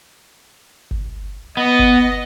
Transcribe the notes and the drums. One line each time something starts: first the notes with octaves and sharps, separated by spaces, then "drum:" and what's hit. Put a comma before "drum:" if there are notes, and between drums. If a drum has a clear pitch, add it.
drum: kick F#1
B3 D#5
drum: kick F#1